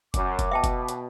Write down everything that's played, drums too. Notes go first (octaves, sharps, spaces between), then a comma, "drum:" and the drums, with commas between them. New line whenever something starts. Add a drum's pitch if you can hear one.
F#2 D6, drum: kick, hi-hat
drum: kick, hi-hat
B2 E5 G5 A5
drum: kick, hi-hat
drum: hi-hat